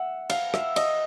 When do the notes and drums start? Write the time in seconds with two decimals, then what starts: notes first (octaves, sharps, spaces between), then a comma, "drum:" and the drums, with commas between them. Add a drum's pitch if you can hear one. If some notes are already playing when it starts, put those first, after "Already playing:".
Already playing: E5 F#5
0.30 F5, drum: cymbal
0.54 E5, drum: rim click
0.76 D#5, drum: cymbal